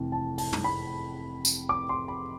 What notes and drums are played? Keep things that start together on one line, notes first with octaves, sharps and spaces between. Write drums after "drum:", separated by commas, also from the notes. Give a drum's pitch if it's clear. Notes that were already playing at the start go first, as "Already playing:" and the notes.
Already playing: F1 F2 E3
A5
A5, drum: open hi-hat
drum: tom
B5
drum: tambourine
D6
C6
B5